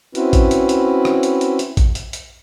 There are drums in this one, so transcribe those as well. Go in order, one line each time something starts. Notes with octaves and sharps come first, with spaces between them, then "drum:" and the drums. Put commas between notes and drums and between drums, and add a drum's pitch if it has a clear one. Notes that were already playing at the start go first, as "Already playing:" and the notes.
C4 C#4 E4 F#4 B4, drum: hi-hat
drum: kick A1, hi-hat
drum: hi-hat
drum: hi-hat
drum: rim click
drum: hi-hat
drum: hi-hat
drum: hi-hat
drum: kick A1, hi-hat
drum: hi-hat
drum: hi-hat